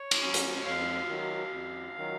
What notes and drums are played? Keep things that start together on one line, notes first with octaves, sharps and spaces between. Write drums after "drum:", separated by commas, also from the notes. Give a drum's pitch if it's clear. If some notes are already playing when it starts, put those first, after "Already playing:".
Already playing: C#5
drum: cymbal
F#3 C#4
drum: hi-hat
F2 F5
D#3 F#3
F2
D#3 F#3